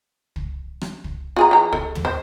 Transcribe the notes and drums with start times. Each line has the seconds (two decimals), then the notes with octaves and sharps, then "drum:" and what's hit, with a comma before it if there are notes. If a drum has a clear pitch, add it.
0.36 drum: kick
0.81 drum: rim click
1.04 drum: kick
1.36 F4 G#4 A#5
1.51 E3 A#5
1.73 A4, drum: kick
1.95 drum: tom
2.05 C5